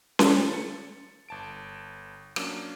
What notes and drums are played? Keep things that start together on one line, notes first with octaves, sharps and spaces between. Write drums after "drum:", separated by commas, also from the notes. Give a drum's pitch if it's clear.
D3 E3 A3 C#4, drum: snare C#4
A6 C#7
G1 A5 D7
F#3 A#3 C#4 D4, drum: rim click